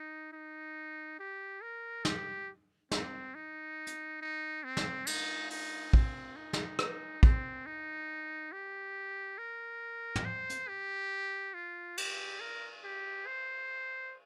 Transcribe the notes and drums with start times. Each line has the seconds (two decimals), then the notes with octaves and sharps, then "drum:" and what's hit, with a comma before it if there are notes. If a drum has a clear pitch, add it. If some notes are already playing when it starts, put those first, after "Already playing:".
Already playing: D#4
0.32 D#4
1.19 G4
1.62 A#4
2.05 G4, drum: snare
2.92 C4, drum: snare
3.35 D#4
3.87 drum: hi-hat
4.21 D#4
4.64 C4
4.77 drum: snare
5.07 D#4, drum: cymbal
5.50 D#4, drum: open hi-hat
5.93 C4, drum: kick
6.36 D#4
6.53 drum: snare
6.79 drum: rim click
7.23 C4, drum: kick
7.66 D#4
8.52 G4
9.38 A#4
10.16 drum: tom
10.25 C5
10.50 drum: hi-hat
10.68 G4
11.54 F4
11.97 G4, drum: cymbal
12.40 A#4
12.84 G4
13.26 C5